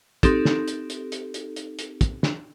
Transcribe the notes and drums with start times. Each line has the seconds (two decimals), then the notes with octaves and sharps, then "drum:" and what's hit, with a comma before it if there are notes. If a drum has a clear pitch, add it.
0.23 C4 D#4 G4 A4, drum: kick, hi-hat
0.45 drum: snare
0.68 drum: hi-hat
0.90 drum: hi-hat
1.12 drum: hi-hat
1.34 drum: hi-hat
1.56 drum: hi-hat
1.79 drum: hi-hat
2.01 drum: kick, hi-hat
2.23 drum: snare